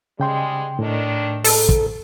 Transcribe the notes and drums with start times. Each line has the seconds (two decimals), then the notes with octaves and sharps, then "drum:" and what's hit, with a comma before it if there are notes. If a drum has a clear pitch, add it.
0.20 G#2 C#3 G3 G#3 G5 C6
0.79 A2 D#3 D4
1.44 G#2 A4, drum: open hi-hat
1.69 drum: kick